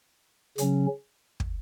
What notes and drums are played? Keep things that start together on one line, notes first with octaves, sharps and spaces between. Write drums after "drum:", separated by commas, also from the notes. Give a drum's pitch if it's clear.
C#3 F#3 C#4, drum: hi-hat
drum: kick